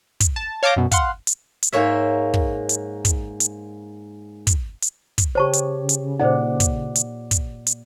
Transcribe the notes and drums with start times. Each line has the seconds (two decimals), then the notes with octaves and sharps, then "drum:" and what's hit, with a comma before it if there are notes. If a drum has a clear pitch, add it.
0.20 drum: kick, hi-hat
0.36 A5
0.63 C#5 F5 A5 D6 G6 A#6
0.76 F#2 B2
0.91 F5 F#5 C6, drum: kick, hi-hat
1.27 drum: hi-hat
1.63 drum: hi-hat
1.72 G#2 A#3 C#5 E5
2.34 drum: kick
2.69 drum: hi-hat
3.05 drum: kick, hi-hat
3.40 drum: hi-hat
4.47 drum: kick, hi-hat
4.82 drum: hi-hat
5.18 drum: kick, hi-hat
5.35 C#3 G4 C5 C#5 A5 C#6
5.53 drum: hi-hat
5.89 drum: hi-hat
6.19 A#2 D#4 A4 C5 D5 F#5
6.60 drum: kick, hi-hat
6.95 drum: hi-hat
7.31 drum: kick, hi-hat
7.67 drum: hi-hat